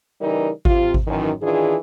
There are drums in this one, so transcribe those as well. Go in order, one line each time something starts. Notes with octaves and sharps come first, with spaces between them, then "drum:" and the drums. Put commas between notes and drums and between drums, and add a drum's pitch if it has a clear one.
C#3 E3 G3 D#4 A#4
C3 F4, drum: kick G#1
drum: kick G#1
F#2 D#3 E3
D#3 E3 D4 F4 G#4